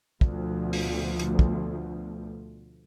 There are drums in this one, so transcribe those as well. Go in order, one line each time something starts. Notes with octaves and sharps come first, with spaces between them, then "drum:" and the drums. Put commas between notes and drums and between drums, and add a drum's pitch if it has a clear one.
D2 B2 F3, drum: kick
drum: open hi-hat
drum: hi-hat
drum: kick